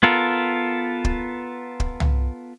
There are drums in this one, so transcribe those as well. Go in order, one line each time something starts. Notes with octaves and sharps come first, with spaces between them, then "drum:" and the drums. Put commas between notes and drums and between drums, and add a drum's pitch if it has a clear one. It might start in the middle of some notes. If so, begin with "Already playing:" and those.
B3 F4 A4 A#4
drum: kick
drum: kick
drum: tom C2